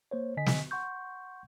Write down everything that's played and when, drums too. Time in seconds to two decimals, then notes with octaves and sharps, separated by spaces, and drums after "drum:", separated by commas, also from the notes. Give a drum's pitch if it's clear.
0.11 A#3 C5 C#5
0.37 D3 D#5 G#5 B6
0.46 drum: snare
0.71 F#5 C6 C#6 G6